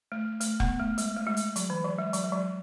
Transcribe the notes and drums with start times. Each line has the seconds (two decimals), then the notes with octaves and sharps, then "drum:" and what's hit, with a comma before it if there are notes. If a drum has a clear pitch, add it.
0.12 A3
0.41 A3, drum: hi-hat
0.60 B3, drum: kick E1
0.80 A3
0.98 G#3, drum: hi-hat
1.16 A3
1.27 G#3
1.37 drum: hi-hat
1.56 F#3, drum: hi-hat
1.70 E3
1.84 F#3
1.98 G#3
2.13 F#3, drum: hi-hat
2.24 G#3
2.32 F#3